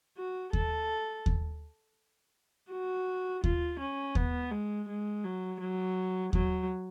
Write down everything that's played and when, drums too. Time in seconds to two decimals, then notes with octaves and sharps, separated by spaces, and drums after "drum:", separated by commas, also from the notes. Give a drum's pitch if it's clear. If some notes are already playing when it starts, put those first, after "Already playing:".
0.18 F#4
0.53 A4, drum: kick D#2
1.26 drum: kick D#2
2.71 F#4
3.44 F4, drum: kick D#2
3.79 C#4
4.15 B3, drum: kick D#2
4.51 G#3
4.88 G#3
5.24 F#3
5.60 F#3
6.33 F#3, drum: kick D#2